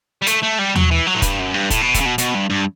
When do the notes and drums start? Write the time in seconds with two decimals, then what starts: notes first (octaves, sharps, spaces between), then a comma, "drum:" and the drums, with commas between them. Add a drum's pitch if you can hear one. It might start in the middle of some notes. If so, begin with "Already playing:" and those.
0.22 G3
0.27 A3, drum: hi-hat
0.43 A3
0.59 G3
0.75 F#3, drum: tom
0.91 E3
1.07 F#3
1.15 A2
1.22 G2, drum: kick, hi-hat
1.39 F#2
1.54 G2
1.70 A2, drum: kick, hi-hat
1.82 B2
1.94 A2, drum: kick, hi-hat
2.00 C#3
2.05 B2
2.18 B2, drum: hi-hat
2.34 G2
2.50 G2